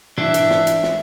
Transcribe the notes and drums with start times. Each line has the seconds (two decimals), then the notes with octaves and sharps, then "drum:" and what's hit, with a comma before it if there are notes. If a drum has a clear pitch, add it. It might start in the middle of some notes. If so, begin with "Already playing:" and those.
0.18 E3 D4 E5, drum: tom G#2
0.34 drum: hi-hat
0.50 drum: snare
0.67 drum: hi-hat
0.83 drum: snare